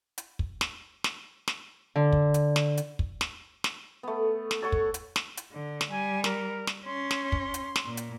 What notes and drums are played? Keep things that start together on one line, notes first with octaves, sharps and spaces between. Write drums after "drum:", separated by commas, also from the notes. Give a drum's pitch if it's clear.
drum: hi-hat
drum: kick
drum: snare
drum: snare
drum: snare
D3
drum: kick
drum: hi-hat
drum: snare
drum: hi-hat
drum: kick
drum: snare
drum: snare
A3 B3
drum: snare
A4 C#5 F#5 C#6
drum: kick
drum: hi-hat
drum: snare
drum: hi-hat
D3
drum: snare
G3 G#5
A#4, drum: snare
drum: snare
C#4 C6
drum: snare
drum: kick
drum: hi-hat
drum: snare
A#2
drum: hi-hat